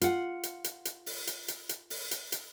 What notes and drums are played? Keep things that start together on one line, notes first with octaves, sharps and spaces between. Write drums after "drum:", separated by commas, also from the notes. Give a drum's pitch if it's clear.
F4 F#5, drum: hi-hat
drum: hi-hat
drum: hi-hat
drum: hi-hat
drum: open hi-hat
drum: hi-hat
drum: hi-hat
drum: hi-hat
drum: open hi-hat
drum: hi-hat
drum: hi-hat